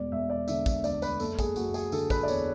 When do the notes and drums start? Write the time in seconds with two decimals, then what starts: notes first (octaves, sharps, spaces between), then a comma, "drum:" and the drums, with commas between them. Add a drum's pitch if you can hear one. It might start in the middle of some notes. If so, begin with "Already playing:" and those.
Already playing: E1 D5
0.12 E1 E5
0.30 D5
0.48 D3 E5, drum: tambourine
0.66 E5, drum: kick, tambourine
0.84 D2 D5, drum: tambourine
1.02 B4, drum: tambourine
1.20 F#1 A4, drum: tambourine
1.39 G#4, drum: kick, tambourine
1.56 F#1 F#4, drum: tambourine
1.74 G#4, drum: tambourine
1.92 D3 A4, drum: tambourine
2.10 B4, drum: kick, tambourine
2.23 D5
2.28 E2 C#5, drum: tambourine